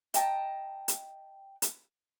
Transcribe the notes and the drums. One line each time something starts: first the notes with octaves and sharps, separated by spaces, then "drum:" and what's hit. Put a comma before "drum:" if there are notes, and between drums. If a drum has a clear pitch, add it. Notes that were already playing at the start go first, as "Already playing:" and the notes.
D#5 G5 A5 A#5, drum: hi-hat
drum: hi-hat
drum: hi-hat